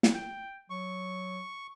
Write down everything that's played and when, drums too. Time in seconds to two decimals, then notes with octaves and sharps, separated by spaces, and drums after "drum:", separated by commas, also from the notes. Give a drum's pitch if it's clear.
0.03 drum: snare
0.15 G5
0.70 F#3 C#6